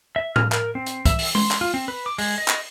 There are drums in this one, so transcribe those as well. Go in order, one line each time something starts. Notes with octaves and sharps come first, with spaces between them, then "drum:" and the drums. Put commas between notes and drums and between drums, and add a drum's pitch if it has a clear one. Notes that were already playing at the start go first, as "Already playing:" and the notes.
E5
F6, drum: tom A2
A#4, drum: clap
C4
drum: hi-hat
E5, drum: kick, hi-hat
drum: open hi-hat
C6, drum: tom G#3
drum: clap
F4
C4
B4
D6
G#3, drum: open hi-hat
D#5
drum: clap